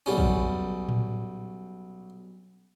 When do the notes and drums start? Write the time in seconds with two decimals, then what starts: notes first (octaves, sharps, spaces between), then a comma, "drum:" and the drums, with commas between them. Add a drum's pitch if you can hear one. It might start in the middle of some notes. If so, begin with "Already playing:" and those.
0.06 B1 G3 C#4
0.18 drum: kick
0.89 drum: tom A2